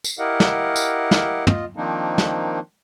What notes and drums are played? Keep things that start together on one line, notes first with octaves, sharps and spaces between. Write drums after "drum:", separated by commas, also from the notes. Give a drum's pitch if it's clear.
drum: tambourine
E4 G4 A#4 D#5 F5 F#5
drum: snare
drum: tambourine
drum: snare
F4 D#5, drum: tom
D#3 F3 A#3 C4 D4 D#4
drum: snare